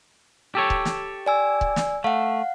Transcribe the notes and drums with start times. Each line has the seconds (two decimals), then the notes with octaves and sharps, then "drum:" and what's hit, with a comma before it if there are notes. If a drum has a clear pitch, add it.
0.55 G4 A4 C#5
0.70 drum: kick C#1
0.85 drum: snare
1.26 D5 G#5 E6
1.61 drum: kick C#1
1.76 drum: snare
2.04 A3 F5 F#5